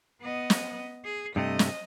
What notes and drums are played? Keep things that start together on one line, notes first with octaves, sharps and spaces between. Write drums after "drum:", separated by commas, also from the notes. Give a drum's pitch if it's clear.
B3 D#5
drum: snare
G#4
G2 C3 A3 D#5
drum: snare